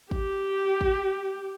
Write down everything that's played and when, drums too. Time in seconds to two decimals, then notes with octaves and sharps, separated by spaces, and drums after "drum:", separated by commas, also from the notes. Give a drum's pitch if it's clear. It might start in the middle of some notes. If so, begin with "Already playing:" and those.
0.11 G4, drum: kick
0.81 drum: kick